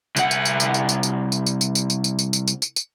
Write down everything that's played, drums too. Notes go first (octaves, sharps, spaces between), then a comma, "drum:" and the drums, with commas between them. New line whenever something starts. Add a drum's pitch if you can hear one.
C2 F#5, drum: tambourine
drum: tambourine
drum: tambourine
drum: tambourine
drum: tambourine
drum: tambourine
drum: tambourine
drum: tambourine
drum: tambourine
drum: tambourine
drum: tambourine
drum: tambourine
drum: tambourine
drum: tambourine
drum: tambourine
drum: tambourine
drum: tambourine
drum: tambourine